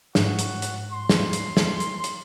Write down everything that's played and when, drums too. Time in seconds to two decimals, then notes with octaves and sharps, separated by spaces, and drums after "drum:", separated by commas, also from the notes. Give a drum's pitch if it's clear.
0.15 G#2 F#4, drum: snare
0.39 drum: hi-hat
0.62 drum: hi-hat
0.92 C6
1.09 drum: snare
1.33 drum: hi-hat
1.57 drum: snare
1.80 drum: hi-hat
2.04 drum: hi-hat